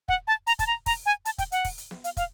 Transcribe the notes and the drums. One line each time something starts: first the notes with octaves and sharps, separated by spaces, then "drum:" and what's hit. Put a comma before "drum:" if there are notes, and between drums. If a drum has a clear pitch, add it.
F#5, drum: kick
A5
A#5, drum: hi-hat
A5, drum: kick, hi-hat
A#5
A#5, drum: kick, open hi-hat
G#5
A5, drum: hi-hat
G5, drum: kick, hi-hat
F#5, drum: hi-hat
drum: kick, open hi-hat
drum: hi-hat
drum: snare
F5, drum: hi-hat
F5, drum: kick, hi-hat